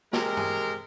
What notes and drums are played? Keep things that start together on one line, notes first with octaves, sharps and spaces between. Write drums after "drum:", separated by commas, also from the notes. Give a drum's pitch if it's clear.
C3 G#3 G4 A#4, drum: snare
drum: tom G2